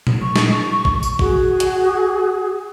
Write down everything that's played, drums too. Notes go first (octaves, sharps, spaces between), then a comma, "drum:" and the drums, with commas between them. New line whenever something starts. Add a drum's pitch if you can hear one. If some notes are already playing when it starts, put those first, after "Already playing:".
drum: tom A#2
C#6
drum: snare
drum: kick
drum: tambourine
F#4 G#4, drum: kick
drum: hi-hat